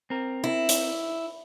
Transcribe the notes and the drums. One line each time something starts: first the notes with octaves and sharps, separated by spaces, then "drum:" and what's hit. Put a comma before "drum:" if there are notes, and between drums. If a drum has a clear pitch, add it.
C4 A#4
E4
drum: hi-hat